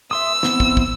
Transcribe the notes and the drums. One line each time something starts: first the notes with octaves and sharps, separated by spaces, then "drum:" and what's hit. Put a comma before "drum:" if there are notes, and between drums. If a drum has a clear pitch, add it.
E5 C6 D#6 E6
E3 B3 C4, drum: snare
drum: kick
drum: kick